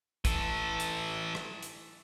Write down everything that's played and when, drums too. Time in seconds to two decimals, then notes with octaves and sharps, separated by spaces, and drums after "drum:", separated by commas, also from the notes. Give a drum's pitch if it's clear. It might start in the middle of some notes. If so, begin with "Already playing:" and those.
0.25 E3 A4, drum: kick, hi-hat
0.80 drum: hi-hat
1.35 drum: rim click
1.62 drum: hi-hat